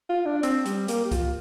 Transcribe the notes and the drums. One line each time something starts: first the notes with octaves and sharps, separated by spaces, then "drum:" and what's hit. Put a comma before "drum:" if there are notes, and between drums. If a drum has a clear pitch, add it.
F4
D4
C4, drum: hi-hat
G3, drum: hi-hat
A#3, drum: hi-hat
G4
F4, drum: kick C2, hi-hat